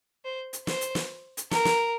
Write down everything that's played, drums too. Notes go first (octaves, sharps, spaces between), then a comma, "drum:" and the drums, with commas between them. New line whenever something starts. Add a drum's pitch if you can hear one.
C5
drum: hi-hat
C5, drum: snare
drum: hi-hat
drum: snare
drum: hi-hat
A#4, drum: snare
drum: snare